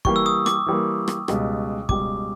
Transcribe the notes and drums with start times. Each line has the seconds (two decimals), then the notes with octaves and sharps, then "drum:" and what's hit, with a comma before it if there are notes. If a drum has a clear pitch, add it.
0.05 E3 G3 A#3 C#6, drum: kick
0.16 E6
0.26 D#6
0.46 D6, drum: rim click
0.66 E3 G3 A#3
1.08 drum: rim click
1.28 C#2 B2 G3, drum: rim click
1.89 C#2 B2 G3 D6, drum: kick